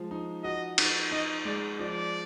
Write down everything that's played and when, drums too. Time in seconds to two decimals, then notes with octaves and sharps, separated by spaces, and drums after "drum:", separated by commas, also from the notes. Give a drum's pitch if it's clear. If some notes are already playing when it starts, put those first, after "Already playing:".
Already playing: F3 G#3
0.11 D#4
0.44 F#4 D#5
0.78 D#4, drum: cymbal
1.12 D#4 D#5
1.45 G#3 D5
1.79 F3 D5